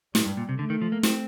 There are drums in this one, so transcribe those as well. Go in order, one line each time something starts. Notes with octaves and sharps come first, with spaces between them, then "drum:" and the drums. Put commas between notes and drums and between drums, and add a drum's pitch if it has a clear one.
A2 G3, drum: snare
G2
A#2
C3
D3 A3
D#3
F3
A#3
C4, drum: snare